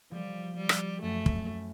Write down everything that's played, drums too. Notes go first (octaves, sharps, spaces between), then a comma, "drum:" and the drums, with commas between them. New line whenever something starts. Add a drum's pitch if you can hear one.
F3 G3
G3
drum: rim click
F#2 F#3 A3
drum: kick